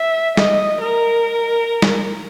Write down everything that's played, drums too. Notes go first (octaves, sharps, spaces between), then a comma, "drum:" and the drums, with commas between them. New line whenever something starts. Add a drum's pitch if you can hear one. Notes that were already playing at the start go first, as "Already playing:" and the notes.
Already playing: E5
D#5, drum: snare
A#4
drum: snare